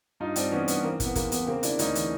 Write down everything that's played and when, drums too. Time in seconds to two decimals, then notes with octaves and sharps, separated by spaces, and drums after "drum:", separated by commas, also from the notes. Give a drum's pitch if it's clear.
0.20 G2 D#4 F4
0.36 G2 C4 D4, drum: hi-hat
0.51 E3 B3 C#4
0.68 G2 B3, drum: hi-hat
0.84 E3 A#3 C4
1.00 E3 B3, drum: kick, hi-hat
1.15 E2 A#3, drum: kick, hi-hat
1.32 E2 B3, drum: hi-hat
1.47 C#3 A#3 C4
1.63 C#3 D4 E4, drum: hi-hat
1.79 D2 C#4 D#4, drum: hi-hat
1.95 E3, drum: hi-hat